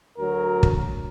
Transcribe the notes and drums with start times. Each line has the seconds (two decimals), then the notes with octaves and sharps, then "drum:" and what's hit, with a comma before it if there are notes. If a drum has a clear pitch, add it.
0.19 D2 F#3 A#4
0.63 drum: kick